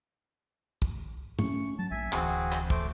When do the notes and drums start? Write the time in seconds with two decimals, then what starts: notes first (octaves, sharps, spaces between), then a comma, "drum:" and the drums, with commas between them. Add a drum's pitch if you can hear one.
0.82 drum: kick
1.39 A3 C#4 C#6, drum: tom
1.79 F#3 A5
1.91 A#1 E5 G#5
2.13 D1 E3 C4 F#4 G#4, drum: clap
2.52 drum: clap
2.70 A3 C5 D6, drum: kick